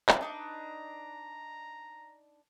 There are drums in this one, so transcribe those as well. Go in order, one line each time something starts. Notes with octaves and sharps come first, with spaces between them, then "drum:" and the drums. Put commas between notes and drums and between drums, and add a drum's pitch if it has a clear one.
drum: clap
D4 D#4 B4 A#5